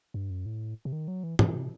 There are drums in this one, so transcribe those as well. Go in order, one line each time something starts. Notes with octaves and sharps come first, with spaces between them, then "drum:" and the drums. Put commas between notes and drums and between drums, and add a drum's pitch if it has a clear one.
G2
F#2
A2
C3
D#3
F#3
E3
E3, drum: tom
C3